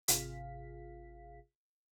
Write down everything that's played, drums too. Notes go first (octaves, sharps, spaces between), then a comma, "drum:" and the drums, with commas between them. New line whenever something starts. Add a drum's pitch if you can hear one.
G#1 C3 F4 G#4 F5 B6, drum: hi-hat